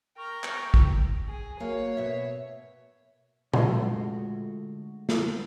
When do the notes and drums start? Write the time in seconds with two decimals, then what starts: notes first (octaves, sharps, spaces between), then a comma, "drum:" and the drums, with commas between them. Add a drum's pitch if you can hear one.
0.18 A#4 G5 A#5 C#6
0.44 drum: clap
0.74 drum: kick
1.29 G#4
1.60 A#3 F#4 C#5 F5
1.97 B2 E5
3.54 D3 G#3 A3 F4 F#4 A#5, drum: tom A#2
5.09 drum: snare